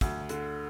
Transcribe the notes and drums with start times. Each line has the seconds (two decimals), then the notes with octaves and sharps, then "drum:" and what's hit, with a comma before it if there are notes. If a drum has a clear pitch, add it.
0.01 D2, drum: kick, hi-hat
0.29 D3, drum: hi-hat